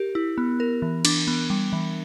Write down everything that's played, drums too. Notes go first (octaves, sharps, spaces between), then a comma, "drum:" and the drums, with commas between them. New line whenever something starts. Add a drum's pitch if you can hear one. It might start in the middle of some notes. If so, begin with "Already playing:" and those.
Already playing: G4 A#4
E4
B3
A#4
E3
D4, drum: cymbal
B3
G3
E3